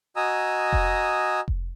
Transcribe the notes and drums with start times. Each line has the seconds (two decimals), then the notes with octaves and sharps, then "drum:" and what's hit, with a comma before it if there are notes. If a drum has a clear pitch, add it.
0.16 F#4 D#5 G#5 A#5 D#6 E6
0.73 drum: kick F1
1.48 drum: kick F1